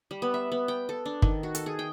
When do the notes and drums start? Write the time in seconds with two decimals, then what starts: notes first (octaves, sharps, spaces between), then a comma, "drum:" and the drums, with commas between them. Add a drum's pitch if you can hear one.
0.11 G3
0.22 B3
0.34 E5
0.52 B3
0.68 G5
0.89 A4
1.06 D4
1.22 D#3, drum: kick
1.43 F#4
1.55 A4, drum: hi-hat
1.66 G#4
1.79 G5